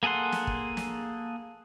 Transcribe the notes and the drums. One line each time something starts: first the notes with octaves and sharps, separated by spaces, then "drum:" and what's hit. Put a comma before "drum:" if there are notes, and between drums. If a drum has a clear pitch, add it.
A#3 G#4 A4 F#5 C6
drum: snare
drum: kick
drum: snare